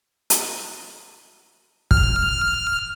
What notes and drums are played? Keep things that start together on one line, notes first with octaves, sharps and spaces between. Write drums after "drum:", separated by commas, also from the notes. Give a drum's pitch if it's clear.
drum: hi-hat
F6, drum: kick